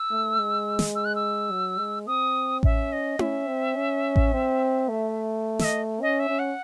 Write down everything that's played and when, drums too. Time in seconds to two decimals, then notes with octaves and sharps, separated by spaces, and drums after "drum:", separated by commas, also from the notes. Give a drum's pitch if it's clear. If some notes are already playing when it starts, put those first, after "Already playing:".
Already playing: E6
0.10 A3
0.39 G#3
0.79 drum: snare
0.95 E6
1.05 F#6
1.15 E6
1.51 F#3
1.78 G#3
2.06 C4 D#6
2.63 C#4 E5, drum: kick A1
2.92 D#5
3.19 C#4 E5, drum: tom E4
3.47 C4
3.76 C#4
4.16 drum: kick A1
4.33 C4
4.89 A3
5.59 E5, drum: snare
5.64 D#5
6.01 C#4 D#5
6.19 E5
6.29 C#4
6.39 F#5